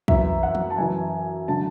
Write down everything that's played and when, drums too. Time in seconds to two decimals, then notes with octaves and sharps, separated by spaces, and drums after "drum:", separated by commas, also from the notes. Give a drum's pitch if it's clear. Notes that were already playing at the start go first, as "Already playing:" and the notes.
0.08 F#2 E3 E5, drum: kick
0.43 F#5
0.55 drum: tom E3
0.70 A5
0.78 F#2 E3 G#5
1.48 D3 F#3 A5